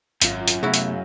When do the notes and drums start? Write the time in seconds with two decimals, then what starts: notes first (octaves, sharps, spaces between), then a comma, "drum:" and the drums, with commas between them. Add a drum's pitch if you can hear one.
0.21 G#1 F#2 F4, drum: hi-hat
0.48 drum: hi-hat
0.63 C3 A3 B3 E4 F#4 G#4 F5
0.74 drum: hi-hat